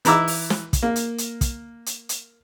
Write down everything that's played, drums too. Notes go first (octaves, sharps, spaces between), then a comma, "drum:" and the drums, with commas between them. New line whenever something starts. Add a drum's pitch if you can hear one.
E3 E4 A#5 D6 E6, drum: hi-hat
drum: open hi-hat
drum: snare
drum: kick, hi-hat
A#3
drum: hi-hat
drum: hi-hat
drum: kick, hi-hat
drum: hi-hat
drum: hi-hat